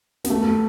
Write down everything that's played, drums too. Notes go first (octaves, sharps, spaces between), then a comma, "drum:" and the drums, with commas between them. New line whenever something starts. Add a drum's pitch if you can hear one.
B3, drum: snare
A3